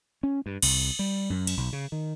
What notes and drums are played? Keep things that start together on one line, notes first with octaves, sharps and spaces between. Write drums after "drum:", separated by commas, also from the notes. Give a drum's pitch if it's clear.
C#4
G2
C2, drum: cymbal
G3
F#2
drum: cymbal
B1
C#3
D#3